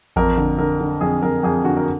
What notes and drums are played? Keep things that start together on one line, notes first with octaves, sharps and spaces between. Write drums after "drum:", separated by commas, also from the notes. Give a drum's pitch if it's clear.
F2 A#4, drum: kick A1
D3
D3 A#4
D3
F2 G#4
F2 A#4
F2 G#4
D3 F#4
A#4